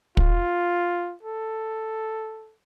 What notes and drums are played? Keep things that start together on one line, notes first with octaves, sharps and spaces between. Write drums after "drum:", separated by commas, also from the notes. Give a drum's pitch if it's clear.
F4, drum: kick
A4